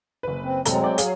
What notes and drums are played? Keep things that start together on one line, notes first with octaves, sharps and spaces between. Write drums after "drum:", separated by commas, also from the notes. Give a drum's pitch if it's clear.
F#1 B4
C4
F1 F#3 G#3 C4 A4 A#5, drum: hi-hat
C#5 D5 G5
F#3 G#4 C#5 F5, drum: hi-hat